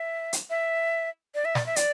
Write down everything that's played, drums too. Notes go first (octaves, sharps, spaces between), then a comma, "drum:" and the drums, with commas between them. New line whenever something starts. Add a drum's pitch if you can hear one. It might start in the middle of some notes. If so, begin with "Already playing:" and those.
Already playing: E5
drum: hi-hat
E5
D5
E5
D5, drum: snare
E5
D5, drum: hi-hat